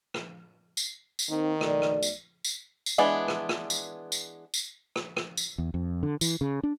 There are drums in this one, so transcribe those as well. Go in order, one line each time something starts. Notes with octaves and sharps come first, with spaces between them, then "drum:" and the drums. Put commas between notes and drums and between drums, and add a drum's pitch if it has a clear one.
drum: rim click
drum: tambourine
drum: tambourine
D#3 A#3 C4 D#4
B1 A3 D5, drum: rim click
drum: rim click
drum: tambourine
drum: tambourine
drum: tambourine
E3 G#3 B3 D4
drum: rim click
drum: rim click
drum: tambourine
drum: tambourine
drum: tambourine
drum: rim click
drum: rim click
drum: tambourine
E2
F2
D3
E3, drum: tambourine
C#3
D4